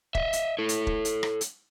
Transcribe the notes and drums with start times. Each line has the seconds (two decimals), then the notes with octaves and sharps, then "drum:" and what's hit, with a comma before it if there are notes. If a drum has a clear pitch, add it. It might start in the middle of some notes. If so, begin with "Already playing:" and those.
0.15 D#5 E5, drum: kick
0.33 drum: hi-hat
0.59 E4 A4
0.69 drum: hi-hat
0.87 drum: kick
1.05 drum: hi-hat
1.23 drum: rim click
1.41 drum: hi-hat